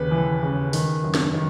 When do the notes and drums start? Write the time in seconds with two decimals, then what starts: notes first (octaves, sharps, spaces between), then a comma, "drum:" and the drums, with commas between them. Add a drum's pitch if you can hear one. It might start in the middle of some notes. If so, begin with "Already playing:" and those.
Already playing: D#2 C#3 B4
0.11 E3
0.43 C#3
0.73 D#3, drum: open hi-hat
1.03 F#2
1.15 drum: snare
1.34 D#3